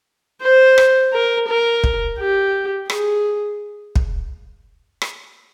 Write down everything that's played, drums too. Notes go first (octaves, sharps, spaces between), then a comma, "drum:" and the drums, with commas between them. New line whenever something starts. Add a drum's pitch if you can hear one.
C5
drum: rim click
A#4
A#4
drum: kick
G4
G#4, drum: rim click
drum: kick
drum: rim click